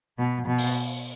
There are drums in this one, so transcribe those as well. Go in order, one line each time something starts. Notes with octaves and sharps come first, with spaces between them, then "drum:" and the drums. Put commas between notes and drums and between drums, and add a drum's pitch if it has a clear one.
B2
B2
drum: open hi-hat